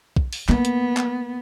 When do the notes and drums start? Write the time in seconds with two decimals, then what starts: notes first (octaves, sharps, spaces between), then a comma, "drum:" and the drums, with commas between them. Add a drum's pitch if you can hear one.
0.16 drum: kick
0.33 drum: open hi-hat
0.49 A#3 B3, drum: clap
0.65 drum: hi-hat
0.97 drum: clap